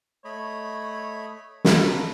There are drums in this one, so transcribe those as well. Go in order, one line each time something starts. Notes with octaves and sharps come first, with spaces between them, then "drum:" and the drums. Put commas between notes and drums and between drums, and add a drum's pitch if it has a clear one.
A3 C#5 D#5 B5
drum: snare
A4 B4 A#5